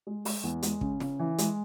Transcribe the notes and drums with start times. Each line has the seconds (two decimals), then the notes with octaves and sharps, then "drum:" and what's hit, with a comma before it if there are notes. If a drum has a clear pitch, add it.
0.07 G#3
0.25 G#3, drum: open hi-hat
0.43 E2
0.63 G#3, drum: hi-hat
0.81 C#3, drum: kick
1.00 C#3, drum: snare
1.19 E3
1.38 G#3, drum: hi-hat